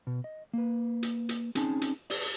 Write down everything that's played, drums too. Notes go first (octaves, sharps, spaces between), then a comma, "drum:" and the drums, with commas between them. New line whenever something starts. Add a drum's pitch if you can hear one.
B2
D#5
A#3 B4
drum: hi-hat
drum: hi-hat
C4 C#4 D#4 G#4 G#5 A5, drum: hi-hat
drum: hi-hat
D5, drum: open hi-hat